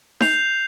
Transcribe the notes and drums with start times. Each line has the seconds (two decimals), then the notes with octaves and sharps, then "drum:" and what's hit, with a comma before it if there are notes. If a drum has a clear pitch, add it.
0.21 G6 C7 F7, drum: snare D#4